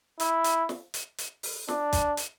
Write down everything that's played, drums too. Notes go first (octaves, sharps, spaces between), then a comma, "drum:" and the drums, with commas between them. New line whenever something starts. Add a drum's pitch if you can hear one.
E4, drum: hi-hat
drum: hi-hat
drum: snare
drum: hi-hat
drum: hi-hat
drum: open hi-hat
D4, drum: snare
drum: kick, hi-hat
drum: hi-hat